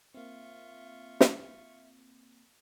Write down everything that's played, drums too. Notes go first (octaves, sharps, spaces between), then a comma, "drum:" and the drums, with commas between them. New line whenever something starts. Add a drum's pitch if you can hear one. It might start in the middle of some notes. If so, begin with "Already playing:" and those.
A#3 C4 F4 E5 C#6
drum: snare